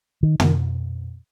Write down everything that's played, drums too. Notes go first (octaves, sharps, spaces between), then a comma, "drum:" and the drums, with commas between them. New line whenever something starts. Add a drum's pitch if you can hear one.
D#3
D#3, drum: tom